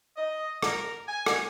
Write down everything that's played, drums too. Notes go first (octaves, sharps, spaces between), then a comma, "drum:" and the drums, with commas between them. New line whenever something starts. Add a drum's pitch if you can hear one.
D#5
A#4, drum: rim click
G#5
drum: rim click